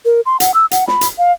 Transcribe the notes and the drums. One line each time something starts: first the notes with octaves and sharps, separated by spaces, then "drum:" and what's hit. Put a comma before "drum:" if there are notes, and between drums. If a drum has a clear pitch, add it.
A#4
C6
F#5, drum: hi-hat
E6
F#5, drum: hi-hat
B5, drum: snare
drum: hi-hat
F5